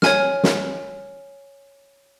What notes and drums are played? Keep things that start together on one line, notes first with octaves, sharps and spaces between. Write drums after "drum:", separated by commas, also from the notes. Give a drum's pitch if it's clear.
C#5 G#5 F6, drum: snare
drum: snare